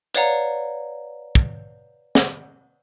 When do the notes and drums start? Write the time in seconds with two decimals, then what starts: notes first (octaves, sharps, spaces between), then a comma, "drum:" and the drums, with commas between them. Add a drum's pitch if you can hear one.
0.14 B4 C#5 D5 F5 F#5 A#5, drum: hi-hat
1.35 drum: kick
2.15 drum: snare